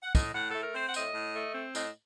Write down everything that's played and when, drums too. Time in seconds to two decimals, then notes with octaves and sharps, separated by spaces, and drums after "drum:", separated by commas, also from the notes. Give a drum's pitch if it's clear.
0.03 F#5
0.15 A2 D#5, drum: kick, tambourine
0.34 A2 F#5
0.50 A3 A4
0.62 A#4
0.75 C4 C5
0.89 F#5
0.94 A2 D#5, drum: tambourine
1.14 A2
1.34 A3
1.54 C4
1.75 A2 D#5, drum: tambourine